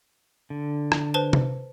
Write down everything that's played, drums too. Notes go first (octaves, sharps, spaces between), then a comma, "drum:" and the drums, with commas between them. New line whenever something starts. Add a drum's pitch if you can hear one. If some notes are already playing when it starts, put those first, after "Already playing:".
D3
drum: rim click
B4 C5 A5
drum: tom